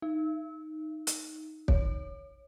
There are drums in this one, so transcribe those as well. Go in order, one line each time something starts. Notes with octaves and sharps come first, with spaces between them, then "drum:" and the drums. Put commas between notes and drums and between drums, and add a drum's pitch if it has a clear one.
D#4
drum: hi-hat
C#5, drum: kick